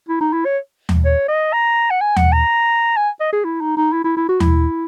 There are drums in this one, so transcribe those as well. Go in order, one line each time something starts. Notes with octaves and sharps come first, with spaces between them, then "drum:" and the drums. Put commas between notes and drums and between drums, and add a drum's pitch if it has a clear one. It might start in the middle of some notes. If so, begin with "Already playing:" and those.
E4
D#4
E4
C#5
drum: tom D#2
C#5
D#5
A#5
F#5
G#5
F#5, drum: tom D#2
A#5
G#5
D#5
G#4
E4
D#4
D#4
E4
E4
E4
F#4
E4, drum: tom D#2